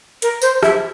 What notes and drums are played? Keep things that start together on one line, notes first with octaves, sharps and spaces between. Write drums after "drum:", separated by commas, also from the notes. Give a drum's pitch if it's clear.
A#4, drum: hi-hat
C5, drum: tambourine
E5, drum: rim click